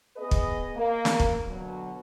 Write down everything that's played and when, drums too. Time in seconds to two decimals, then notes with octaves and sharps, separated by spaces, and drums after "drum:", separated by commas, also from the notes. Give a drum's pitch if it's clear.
0.17 B3 G#4 B4 D#5
0.31 drum: kick
0.75 A#3
1.05 drum: snare
1.20 drum: kick
1.46 B2 D3 F#3